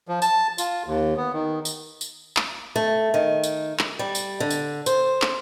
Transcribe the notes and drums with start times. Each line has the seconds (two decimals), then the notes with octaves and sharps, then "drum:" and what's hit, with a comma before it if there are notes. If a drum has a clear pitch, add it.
0.08 F3
0.22 A5, drum: tambourine
0.58 F4, drum: tambourine
0.86 D#2
1.17 B3
1.33 D#3
1.65 drum: tambourine
2.01 drum: tambourine
2.37 drum: clap
2.76 A3
3.14 D#3
3.44 drum: tambourine
3.79 drum: clap
3.99 G3
4.15 drum: tambourine
4.40 D3
4.50 drum: tambourine
4.86 C5, drum: tambourine
5.22 drum: clap